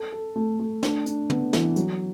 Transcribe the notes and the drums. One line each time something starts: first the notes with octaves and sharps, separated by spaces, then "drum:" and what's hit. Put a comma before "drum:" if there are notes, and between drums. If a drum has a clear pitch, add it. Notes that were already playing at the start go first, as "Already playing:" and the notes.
Already playing: A4
A4
A3
A3
D4, drum: snare
D4, drum: hi-hat
B3, drum: tom
E3, drum: snare
F#3, drum: hi-hat